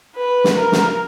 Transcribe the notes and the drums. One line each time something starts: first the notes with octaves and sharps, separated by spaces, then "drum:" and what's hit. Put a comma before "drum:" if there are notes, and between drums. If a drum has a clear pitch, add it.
B4
drum: snare
A#4
drum: snare